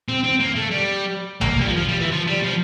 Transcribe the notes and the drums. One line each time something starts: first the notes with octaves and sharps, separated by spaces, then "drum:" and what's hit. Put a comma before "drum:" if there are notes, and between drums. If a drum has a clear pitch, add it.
C4
C4
A#3
A3
G3
A#3, drum: tom A#1
G3
F3
F3
G3
E3
F3
G3
F3